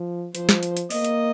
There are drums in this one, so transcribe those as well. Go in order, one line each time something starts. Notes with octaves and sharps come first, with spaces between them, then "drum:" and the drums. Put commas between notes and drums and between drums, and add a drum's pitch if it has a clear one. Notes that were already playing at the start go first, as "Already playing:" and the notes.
Already playing: F3
F3 C5, drum: hi-hat
drum: snare
drum: hi-hat
drum: hi-hat
A#3 D#5, drum: open hi-hat
drum: hi-hat